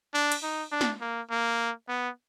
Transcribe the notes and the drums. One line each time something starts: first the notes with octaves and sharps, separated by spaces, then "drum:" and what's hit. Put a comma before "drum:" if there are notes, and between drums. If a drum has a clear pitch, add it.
D4
drum: cymbal
D#4
D4
drum: snare
A#3
A#3
B3